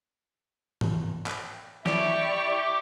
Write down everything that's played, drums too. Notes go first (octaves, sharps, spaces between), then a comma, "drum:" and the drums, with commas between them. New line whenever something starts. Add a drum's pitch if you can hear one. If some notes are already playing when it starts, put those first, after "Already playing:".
drum: tom G#2
drum: clap
E4 G4 D5 C#6, drum: snare